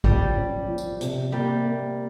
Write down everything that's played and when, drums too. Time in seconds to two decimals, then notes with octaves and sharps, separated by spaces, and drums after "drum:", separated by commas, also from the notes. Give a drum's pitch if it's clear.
0.04 F3 G3, drum: kick
0.36 C#4
0.68 F3
0.78 drum: tambourine
1.01 C3, drum: hi-hat
1.32 G3 A#3
1.65 A#3